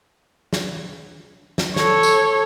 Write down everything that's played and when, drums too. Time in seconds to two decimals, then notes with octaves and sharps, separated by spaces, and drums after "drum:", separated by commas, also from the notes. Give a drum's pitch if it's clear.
0.53 drum: snare
1.58 drum: snare
1.76 A4 C#5, drum: snare
2.03 drum: tambourine